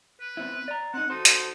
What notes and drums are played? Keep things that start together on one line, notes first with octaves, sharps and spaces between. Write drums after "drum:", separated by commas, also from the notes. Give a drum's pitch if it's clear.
B4
B3 C4 E4
D5 A#5
C4 D#4 F#5
D#4 F#4 A4 C5
drum: hi-hat